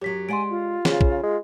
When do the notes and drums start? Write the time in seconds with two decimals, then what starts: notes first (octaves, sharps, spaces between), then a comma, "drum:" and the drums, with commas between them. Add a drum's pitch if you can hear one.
0.01 F#2 F#3 G4 B6
0.29 G#3 D5 F#5 G#5 C6 D7
0.50 F4
0.85 C#3 G#4 C5, drum: snare
1.01 drum: kick
1.23 G#3